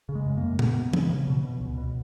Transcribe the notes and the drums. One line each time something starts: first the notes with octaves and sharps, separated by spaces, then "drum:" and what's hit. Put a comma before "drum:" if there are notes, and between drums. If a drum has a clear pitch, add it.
C#3
G#3
F#2
A#3
F#2
C#3 B3, drum: tom A#2
C#3
C#3, drum: tom
C#3
B2
B2
C#2
B2